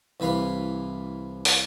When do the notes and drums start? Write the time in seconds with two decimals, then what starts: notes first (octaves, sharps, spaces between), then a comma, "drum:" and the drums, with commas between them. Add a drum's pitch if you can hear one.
0.20 C2 E3 B4 F5
1.45 drum: open hi-hat